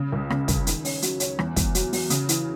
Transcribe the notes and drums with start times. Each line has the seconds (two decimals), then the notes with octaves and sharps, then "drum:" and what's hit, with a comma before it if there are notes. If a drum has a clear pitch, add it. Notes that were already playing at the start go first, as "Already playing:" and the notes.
Already playing: C#3
0.12 C#2
0.30 C#3, drum: rim click
0.48 C#2, drum: kick, hi-hat
0.67 D#3, drum: hi-hat
0.85 C#4, drum: open hi-hat
1.02 F#3, drum: hi-hat
1.20 C#4, drum: hi-hat
1.39 E2, drum: rim click
1.56 E2, drum: kick, hi-hat
1.75 F#3, drum: hi-hat
1.93 F#3, drum: open hi-hat
2.10 C#3, drum: hi-hat
2.29 E3, drum: hi-hat